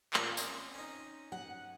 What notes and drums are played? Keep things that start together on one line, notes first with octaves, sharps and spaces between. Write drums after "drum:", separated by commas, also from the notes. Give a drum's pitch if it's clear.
A#2 F5 C#6, drum: clap
C4 C#4 D#5, drum: tambourine
C#4 D#4
F#5